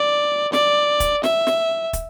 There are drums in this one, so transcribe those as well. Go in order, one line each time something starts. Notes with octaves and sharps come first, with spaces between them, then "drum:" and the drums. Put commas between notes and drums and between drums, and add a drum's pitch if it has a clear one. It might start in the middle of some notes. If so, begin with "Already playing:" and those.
Already playing: D5
D5, drum: snare
drum: kick, hi-hat
E5, drum: snare
drum: snare
drum: kick, hi-hat